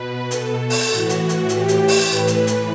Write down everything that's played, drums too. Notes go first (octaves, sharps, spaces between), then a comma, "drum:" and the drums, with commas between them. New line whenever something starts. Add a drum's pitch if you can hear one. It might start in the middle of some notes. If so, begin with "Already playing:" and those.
Already playing: B2 B4
A4, drum: hi-hat
drum: open hi-hat
A2 E3 F#4
drum: hi-hat
drum: hi-hat
G4, drum: hi-hat
drum: hi-hat
drum: open hi-hat
A2 E3 B4
drum: hi-hat
drum: hi-hat